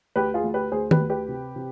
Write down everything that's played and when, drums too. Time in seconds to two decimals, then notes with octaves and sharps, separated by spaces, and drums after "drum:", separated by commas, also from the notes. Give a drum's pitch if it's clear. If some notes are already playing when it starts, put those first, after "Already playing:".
0.16 D2 G4 B4
0.34 F4 G#4
0.44 D2
0.54 G4 B4
0.72 D2 G#4 C5
0.91 G4 B4, drum: tom D#3
1.00 D2
1.10 G4 B4
1.29 C3
1.56 C3